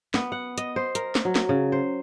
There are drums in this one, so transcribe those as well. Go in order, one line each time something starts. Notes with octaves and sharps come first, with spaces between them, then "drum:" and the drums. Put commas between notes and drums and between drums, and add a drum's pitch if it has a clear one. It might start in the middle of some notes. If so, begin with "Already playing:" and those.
B3, drum: snare
F#5
D#5, drum: hi-hat
C5
A#4, drum: hi-hat
drum: snare
F#3
drum: snare
C#3
C5